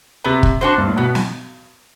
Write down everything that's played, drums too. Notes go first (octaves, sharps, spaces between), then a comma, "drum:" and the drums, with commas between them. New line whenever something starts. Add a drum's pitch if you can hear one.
C3 B3
drum: kick
D4 F#4 C5
G2
A2
B2 B3
drum: snare